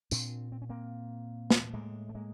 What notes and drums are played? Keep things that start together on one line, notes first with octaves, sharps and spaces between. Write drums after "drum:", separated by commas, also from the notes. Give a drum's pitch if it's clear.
A#2 C4 D4, drum: tambourine
C4
C#4
A#3 C4
drum: snare
A2 G#3 A#3
A3
G#3 A#3